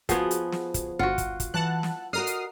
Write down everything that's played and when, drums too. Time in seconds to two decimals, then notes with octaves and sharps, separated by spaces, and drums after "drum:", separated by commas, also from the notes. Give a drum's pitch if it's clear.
0.09 F3 B3 F#4 G#4, drum: kick, hi-hat
0.31 drum: hi-hat
0.52 drum: snare
0.74 drum: kick, hi-hat
0.99 G1 F4 F#4 F#5
1.18 drum: kick, hi-hat
1.40 drum: kick, hi-hat
1.54 E3 F#5 A5 F#6
1.83 drum: snare
2.13 F#4 A#4 D#5 D#6 F6 C7
2.27 drum: hi-hat